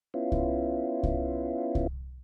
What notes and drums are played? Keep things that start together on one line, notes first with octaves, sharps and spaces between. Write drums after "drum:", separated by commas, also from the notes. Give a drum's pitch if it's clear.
B3 C#4 E4 F4
drum: kick C2
drum: kick C2
drum: kick C2